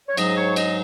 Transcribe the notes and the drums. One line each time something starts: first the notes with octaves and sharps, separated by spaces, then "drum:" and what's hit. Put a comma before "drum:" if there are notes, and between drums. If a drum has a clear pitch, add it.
C#5
G#2 F#3 D#5, drum: cymbal
C#5
D#5, drum: cymbal